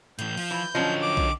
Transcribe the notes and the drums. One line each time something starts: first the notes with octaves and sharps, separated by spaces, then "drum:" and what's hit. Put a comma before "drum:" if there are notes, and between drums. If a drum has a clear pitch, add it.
A2 E3 G6, drum: hi-hat
F3, drum: cymbal
E3
D3 F3 F#3 C#4 D#5
D6
drum: kick